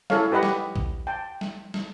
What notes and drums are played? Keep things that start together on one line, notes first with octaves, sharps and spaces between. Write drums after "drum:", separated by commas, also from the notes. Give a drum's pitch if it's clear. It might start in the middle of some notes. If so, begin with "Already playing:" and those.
E4 G#4 A4 C#5 F5, drum: snare
G4 B4 D#5 F#5 B5
drum: snare
drum: kick
G5 A5
drum: snare
drum: snare